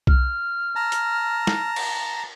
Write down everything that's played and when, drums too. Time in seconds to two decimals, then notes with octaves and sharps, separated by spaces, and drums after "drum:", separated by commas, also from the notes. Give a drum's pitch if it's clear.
0.07 F6, drum: kick B1
0.75 A5 A#5
0.92 drum: hi-hat
1.47 drum: snare
1.76 drum: cymbal